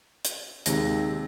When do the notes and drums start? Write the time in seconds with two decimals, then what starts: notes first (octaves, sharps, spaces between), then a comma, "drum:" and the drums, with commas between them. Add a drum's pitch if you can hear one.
0.25 drum: hi-hat
0.66 D#2 C3 G#3 A#6, drum: hi-hat